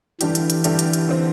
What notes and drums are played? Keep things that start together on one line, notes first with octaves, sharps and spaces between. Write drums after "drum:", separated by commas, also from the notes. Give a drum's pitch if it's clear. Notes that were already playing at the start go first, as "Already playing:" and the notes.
G2 D3 E3 A3 D4 G4, drum: hi-hat
drum: hi-hat
drum: hi-hat
G2 D3 A3 D4 G4, drum: hi-hat
drum: hi-hat
drum: hi-hat
D3 C4